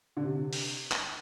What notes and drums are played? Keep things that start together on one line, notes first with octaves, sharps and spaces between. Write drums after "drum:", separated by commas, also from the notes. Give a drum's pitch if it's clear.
D3
C3
drum: open hi-hat
drum: clap